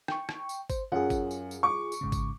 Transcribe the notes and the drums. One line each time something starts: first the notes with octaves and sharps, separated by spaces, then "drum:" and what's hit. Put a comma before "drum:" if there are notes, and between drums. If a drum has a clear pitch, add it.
G5 C#6, drum: rim click
drum: rim click
drum: tambourine
C5, drum: kick G#1, tambourine
F#2 F4 G#4 F#5
drum: kick G#1, tambourine
drum: tambourine
drum: tambourine
C#6 D6
drum: tambourine
G#1 G#2 C#3
drum: kick G#1, tambourine